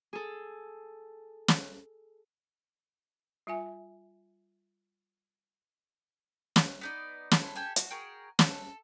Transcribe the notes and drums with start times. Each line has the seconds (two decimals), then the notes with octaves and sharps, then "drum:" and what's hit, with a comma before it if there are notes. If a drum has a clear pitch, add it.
0.13 G#4 A4
1.48 drum: snare
3.47 G3 F4 E5 G#5
6.56 drum: snare
6.81 B3 D#4 D5
7.31 E4 A4 B5 C6, drum: snare
7.55 G4 A4 G5 G#5
7.76 F#4, drum: hi-hat
7.90 F#4 G#4 A#4 G5
8.39 A4, drum: snare